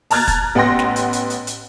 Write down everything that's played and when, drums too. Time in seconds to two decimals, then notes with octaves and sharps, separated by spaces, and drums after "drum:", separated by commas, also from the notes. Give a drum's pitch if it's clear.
0.11 A5 A#5 F6 F#6 G#6 A6, drum: open hi-hat
0.28 drum: kick, hi-hat
0.55 A1 B3 F#5 G5 C6 A#6
0.79 drum: snare
0.96 drum: hi-hat
1.13 drum: hi-hat
1.30 drum: hi-hat
1.47 drum: hi-hat